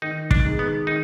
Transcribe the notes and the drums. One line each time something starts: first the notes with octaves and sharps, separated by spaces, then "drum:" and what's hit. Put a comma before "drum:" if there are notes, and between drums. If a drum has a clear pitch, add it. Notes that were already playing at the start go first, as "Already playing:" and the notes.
D#3 D#4
D4, drum: kick
G#3 D#4 G#4
B3
D#3 D#4